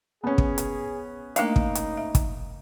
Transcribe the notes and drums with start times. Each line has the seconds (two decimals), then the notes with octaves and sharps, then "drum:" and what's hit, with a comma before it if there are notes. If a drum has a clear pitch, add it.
0.24 B3 C#4 G#4
0.38 drum: kick
0.58 drum: hi-hat
1.36 A3 A#3 D4 D#4 F5 G5, drum: hi-hat
1.56 drum: kick
1.75 drum: hi-hat
1.97 E5
2.15 drum: kick, hi-hat